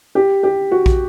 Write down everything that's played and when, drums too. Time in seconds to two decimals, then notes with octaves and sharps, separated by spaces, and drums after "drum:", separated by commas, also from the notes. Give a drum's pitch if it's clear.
0.15 G4
0.43 G4
0.71 F#4
0.86 drum: kick